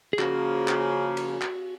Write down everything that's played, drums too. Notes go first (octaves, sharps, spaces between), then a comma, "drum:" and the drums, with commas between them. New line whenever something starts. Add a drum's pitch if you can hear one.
G#4
C#3 F3 A#3 F#4, drum: clap
drum: clap
drum: cymbal
drum: clap